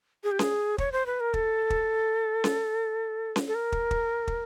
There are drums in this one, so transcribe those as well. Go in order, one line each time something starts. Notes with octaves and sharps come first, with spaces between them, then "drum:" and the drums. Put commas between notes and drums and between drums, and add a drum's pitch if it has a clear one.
G#4
G4
G#4, drum: snare C#4
C#5, drum: kick
C5
B4
A#4
A4, drum: kick
drum: kick
drum: snare C#4
drum: snare C#4
A4
A#4
drum: kick
drum: kick
drum: kick